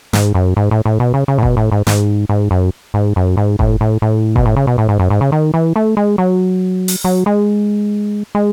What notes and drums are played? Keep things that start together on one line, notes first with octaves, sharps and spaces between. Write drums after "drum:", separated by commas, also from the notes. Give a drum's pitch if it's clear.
G#2, drum: snare
F#2
G#2
A2
A2
B2
C#3
C#3
A2
B2, drum: kick F#1
A2
G#2
G#2, drum: snare
G#2
F#2
G#2
F#2
G#2
A2, drum: kick F#1
A2
A2
B2, drum: kick F#1
A2
C#3
B2
A2
G#2
F#2
G#2
C#3
D#3
E3
A3
G#3
F#3
drum: open hi-hat
F#3
G#3
G#3